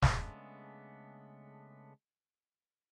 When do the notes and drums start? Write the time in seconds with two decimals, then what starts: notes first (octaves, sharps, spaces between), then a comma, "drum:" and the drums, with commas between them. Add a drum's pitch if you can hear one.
0.02 C#3 G#3 A3 B3 D4, drum: snare